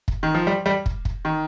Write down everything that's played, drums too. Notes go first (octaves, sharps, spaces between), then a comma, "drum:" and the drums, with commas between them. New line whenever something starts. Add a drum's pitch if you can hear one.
drum: kick
D#3
F3
G3
G3
drum: kick
drum: kick
D#3